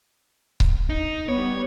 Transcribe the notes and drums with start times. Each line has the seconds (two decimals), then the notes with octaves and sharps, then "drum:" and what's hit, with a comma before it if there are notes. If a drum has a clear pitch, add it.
0.60 drum: kick C#1
0.90 D#4
1.29 G3 B3 C#5